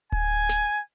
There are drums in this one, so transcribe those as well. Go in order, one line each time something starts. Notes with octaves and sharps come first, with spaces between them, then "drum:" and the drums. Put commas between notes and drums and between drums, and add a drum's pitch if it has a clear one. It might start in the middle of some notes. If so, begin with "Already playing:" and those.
G#5, drum: kick D1
drum: snare